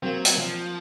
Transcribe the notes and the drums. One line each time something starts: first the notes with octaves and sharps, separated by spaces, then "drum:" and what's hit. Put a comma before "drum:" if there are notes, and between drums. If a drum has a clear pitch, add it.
F#3 A#3 C4
drum: hi-hat
F3